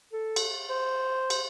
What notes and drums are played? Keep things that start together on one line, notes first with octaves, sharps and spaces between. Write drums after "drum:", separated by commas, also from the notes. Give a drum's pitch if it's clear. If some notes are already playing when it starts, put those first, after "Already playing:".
A4
drum: cymbal
C5
drum: cymbal